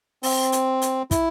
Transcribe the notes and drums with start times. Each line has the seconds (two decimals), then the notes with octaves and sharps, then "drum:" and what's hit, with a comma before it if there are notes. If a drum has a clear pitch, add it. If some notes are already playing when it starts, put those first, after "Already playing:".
0.23 C4, drum: open hi-hat
0.52 drum: hi-hat
0.82 drum: hi-hat
1.11 E4, drum: kick, hi-hat